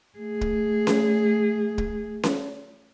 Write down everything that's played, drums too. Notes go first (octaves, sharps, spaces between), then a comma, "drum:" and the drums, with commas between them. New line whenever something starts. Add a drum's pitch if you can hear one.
A3 G#4
drum: kick
drum: snare C#4
drum: kick
drum: snare C#4